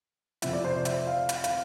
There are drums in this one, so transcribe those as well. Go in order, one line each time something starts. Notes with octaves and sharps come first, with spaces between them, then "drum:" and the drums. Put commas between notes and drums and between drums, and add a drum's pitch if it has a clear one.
F2 C3 F3 E5, drum: hi-hat
D5
C5
D5
E5, drum: hi-hat
F5
drum: hi-hat
F5, drum: hi-hat